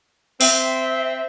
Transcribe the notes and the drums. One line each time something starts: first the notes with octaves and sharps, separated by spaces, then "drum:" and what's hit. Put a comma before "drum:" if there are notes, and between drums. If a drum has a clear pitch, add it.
C4 E5, drum: open hi-hat